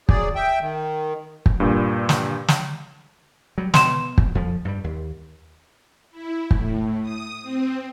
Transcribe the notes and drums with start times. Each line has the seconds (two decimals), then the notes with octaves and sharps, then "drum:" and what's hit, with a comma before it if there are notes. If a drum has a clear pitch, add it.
0.09 F#3 G#4 D5, drum: kick
0.35 E5 G5
0.61 D#3
1.46 drum: kick
1.60 G2 A#2
2.09 drum: snare
2.48 drum: snare
3.58 F#3 G3
3.74 B2 C6 E7, drum: snare
4.18 drum: kick
4.35 F2 F3
4.65 G2 G3
4.84 D#2
6.11 E4
6.51 A2, drum: kick
7.02 D#6
7.42 C4